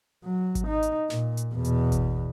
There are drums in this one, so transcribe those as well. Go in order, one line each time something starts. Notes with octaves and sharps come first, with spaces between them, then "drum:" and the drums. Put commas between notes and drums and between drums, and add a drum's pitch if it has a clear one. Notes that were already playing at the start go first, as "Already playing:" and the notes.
F#3
drum: kick G#1, hi-hat
D#4
drum: hi-hat
A#2, drum: snare
drum: hi-hat
E2 B2
drum: hi-hat
drum: kick G#1, hi-hat